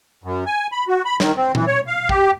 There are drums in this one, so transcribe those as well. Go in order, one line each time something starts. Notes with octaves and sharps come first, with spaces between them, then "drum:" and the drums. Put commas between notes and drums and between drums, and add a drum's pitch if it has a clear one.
F#2
G#5
B5
F#4
B5
D#3, drum: snare
C4
E3, drum: tom A#2
C#5
F5
G4, drum: kick